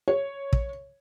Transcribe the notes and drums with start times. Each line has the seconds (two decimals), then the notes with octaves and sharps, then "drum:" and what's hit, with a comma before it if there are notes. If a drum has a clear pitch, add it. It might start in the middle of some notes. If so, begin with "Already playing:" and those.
0.08 C#5
0.53 drum: kick